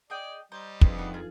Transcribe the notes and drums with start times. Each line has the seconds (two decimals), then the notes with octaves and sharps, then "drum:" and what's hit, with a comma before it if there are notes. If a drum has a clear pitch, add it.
0.10 G#4 D5 D#5 G5
0.52 G3 C5 D#5 A#5
0.81 F2 D4 G#4 B4, drum: kick
0.98 B3 D#4
1.14 F3 F4 G#4 A4